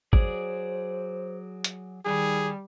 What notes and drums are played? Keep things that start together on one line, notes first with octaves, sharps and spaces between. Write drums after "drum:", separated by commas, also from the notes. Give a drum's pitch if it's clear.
F#3 G#4 C5 D5, drum: kick
drum: hi-hat
D#3 G3 G#4